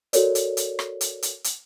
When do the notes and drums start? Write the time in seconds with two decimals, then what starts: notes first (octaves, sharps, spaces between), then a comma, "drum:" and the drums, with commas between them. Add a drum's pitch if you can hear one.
0.13 F#4 A4 A#4 C#5 D5, drum: hi-hat
0.35 drum: hi-hat
0.57 drum: hi-hat
0.79 drum: rim click
1.01 drum: hi-hat
1.22 drum: hi-hat
1.44 drum: hi-hat